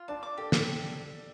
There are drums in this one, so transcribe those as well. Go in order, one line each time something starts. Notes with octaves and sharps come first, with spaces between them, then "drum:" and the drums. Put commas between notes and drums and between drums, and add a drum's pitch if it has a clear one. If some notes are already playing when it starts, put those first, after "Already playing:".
Already playing: F4
D4 A5
D6
G4 A4
G4 A4, drum: snare